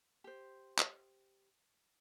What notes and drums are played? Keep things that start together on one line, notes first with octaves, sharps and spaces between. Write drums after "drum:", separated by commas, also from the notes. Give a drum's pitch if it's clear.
G4 C5
drum: clap